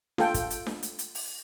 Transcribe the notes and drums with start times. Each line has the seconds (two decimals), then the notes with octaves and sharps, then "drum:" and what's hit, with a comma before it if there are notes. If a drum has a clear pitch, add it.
0.18 F4 A4 G5, drum: snare D4
0.34 drum: kick, hi-hat
0.50 drum: hi-hat
0.66 drum: snare D4
0.83 drum: hi-hat
0.99 drum: hi-hat
1.15 drum: open hi-hat